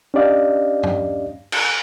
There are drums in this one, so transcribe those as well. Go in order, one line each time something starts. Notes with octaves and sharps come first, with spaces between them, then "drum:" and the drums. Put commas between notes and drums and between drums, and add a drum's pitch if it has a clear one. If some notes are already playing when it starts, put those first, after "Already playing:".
C#4 D4 G4 D5 D#5 F5
drum: tom
drum: cymbal